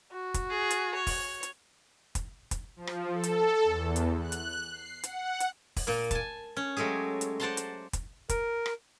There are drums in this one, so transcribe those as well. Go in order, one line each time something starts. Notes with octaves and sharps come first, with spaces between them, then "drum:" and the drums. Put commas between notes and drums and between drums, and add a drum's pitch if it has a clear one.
F#4
drum: kick, hi-hat
G#4
drum: hi-hat
C#5
drum: kick, open hi-hat
drum: hi-hat
drum: kick, hi-hat
drum: kick, hi-hat
F3
drum: rim click
A4
drum: hi-hat
E2
drum: hi-hat
F#6
drum: hi-hat
C7
F#5, drum: hi-hat
drum: hi-hat
drum: kick, open hi-hat
A#2 A#3
G#5 A5, drum: kick, hi-hat
C#4
F#3 G#3 A3 G4 G#4
drum: hi-hat
C5 D5 F#5 A5 A#5 C6
drum: hi-hat
drum: kick, hi-hat
A#4, drum: kick, hi-hat
drum: rim click